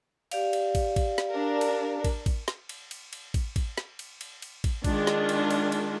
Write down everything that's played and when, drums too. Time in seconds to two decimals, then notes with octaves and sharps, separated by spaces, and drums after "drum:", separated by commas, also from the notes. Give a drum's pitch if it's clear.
0.31 G4 D5 F5, drum: cymbal
0.53 drum: cymbal
0.75 drum: kick, cymbal
0.96 drum: kick, cymbal
1.18 drum: snare
1.31 D4 A#4
1.61 drum: cymbal
2.05 drum: kick, cymbal
2.26 drum: kick, cymbal
2.48 drum: snare
2.69 drum: cymbal
2.91 drum: cymbal
3.13 drum: cymbal
3.34 drum: kick, cymbal
3.56 drum: kick, cymbal
3.78 drum: snare
3.99 drum: cymbal
4.21 drum: cymbal
4.42 drum: cymbal
4.64 drum: kick, cymbal
4.84 D#3 G#3 D4 F4, drum: kick, cymbal
5.07 drum: snare
5.29 drum: cymbal
5.51 drum: cymbal
5.72 drum: cymbal